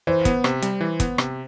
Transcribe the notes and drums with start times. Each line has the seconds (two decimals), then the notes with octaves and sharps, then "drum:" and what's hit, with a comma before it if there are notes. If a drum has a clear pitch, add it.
0.07 E3 C5
0.25 B3, drum: kick, hi-hat
0.44 C3, drum: rim click
0.62 G3, drum: hi-hat
0.81 E3
1.00 B3, drum: kick, hi-hat
1.18 C3, drum: rim click